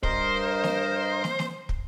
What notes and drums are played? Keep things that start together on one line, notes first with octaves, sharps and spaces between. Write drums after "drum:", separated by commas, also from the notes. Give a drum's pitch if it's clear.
G2 A#4 C5 D#5, drum: kick
drum: snare
drum: snare
drum: snare
drum: kick